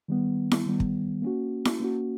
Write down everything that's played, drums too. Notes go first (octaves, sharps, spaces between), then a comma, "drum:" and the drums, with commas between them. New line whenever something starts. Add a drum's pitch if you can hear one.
D#3 G3 B3
drum: snare E4
D#3 G3 B3
drum: kick
A#3 C#4 F#4
drum: snare E4
A#3 C#4 F#4